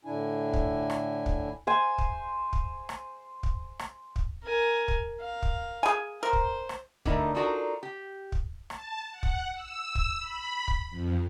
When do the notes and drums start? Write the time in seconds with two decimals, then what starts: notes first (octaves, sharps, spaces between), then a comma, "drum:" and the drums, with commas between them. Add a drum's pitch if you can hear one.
0.05 A2 D3 D4 E4 G#5
0.53 drum: kick
0.90 drum: rim click
1.26 drum: kick
1.67 C5 G#5
1.98 drum: kick
2.53 drum: kick
2.89 drum: rim click
3.43 drum: kick
3.79 drum: rim click
4.16 drum: kick
4.44 A#4 G#5
4.88 drum: kick
5.20 A#4 F5
5.42 drum: kick
5.83 G#4 G#5
6.23 A#4 C5
6.33 drum: kick
6.69 drum: rim click
7.05 D3 A3 D#4 E4 A#4, drum: kick
7.35 D4 D#4 F4 F#4 A4 A#4
7.83 G4
8.32 drum: kick
8.70 A5, drum: rim click
9.11 F#5
9.23 drum: kick
9.54 E6
9.95 drum: kick
10.19 B5
10.68 drum: kick
10.90 F2